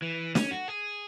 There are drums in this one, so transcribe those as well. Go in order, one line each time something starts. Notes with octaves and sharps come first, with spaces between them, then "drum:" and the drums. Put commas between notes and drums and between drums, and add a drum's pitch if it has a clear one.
E3
C#4, drum: snare
F#4
G#4